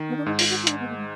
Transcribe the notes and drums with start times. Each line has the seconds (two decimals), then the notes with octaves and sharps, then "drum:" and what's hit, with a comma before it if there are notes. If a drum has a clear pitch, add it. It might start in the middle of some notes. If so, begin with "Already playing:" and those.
Already playing: D#3
0.09 B3
0.18 D4
0.26 G#2 D#4
0.39 F4, drum: open hi-hat
0.50 F#4
0.62 F4
0.67 D#4, drum: hi-hat
0.70 D4
0.80 B3
0.89 A#3
0.98 G#3